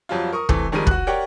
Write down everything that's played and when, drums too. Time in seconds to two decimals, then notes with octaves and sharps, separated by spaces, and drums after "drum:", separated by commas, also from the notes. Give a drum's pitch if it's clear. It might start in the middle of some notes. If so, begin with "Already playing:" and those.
0.09 F2 F#3 G3 F4
0.33 A#4 C#6 D#6
0.49 C3 E3 A3, drum: kick
0.72 F2 D#3 G3 G#3 A#4 D#7
0.87 F#4 F#6, drum: kick
1.07 G4 A#4 C#5 D5 F#5 G5